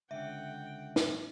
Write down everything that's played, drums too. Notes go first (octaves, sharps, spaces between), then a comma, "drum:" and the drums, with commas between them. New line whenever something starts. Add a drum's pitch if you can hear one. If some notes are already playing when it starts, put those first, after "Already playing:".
C#2 D3 C#4 E5 F#5 G5
drum: snare